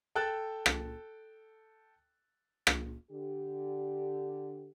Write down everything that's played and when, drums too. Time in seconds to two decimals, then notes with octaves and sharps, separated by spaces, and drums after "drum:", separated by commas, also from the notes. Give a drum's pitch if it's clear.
0.15 A4 G5 E6 F#6 A6
0.66 drum: rim click
2.67 drum: rim click
3.10 D3 G4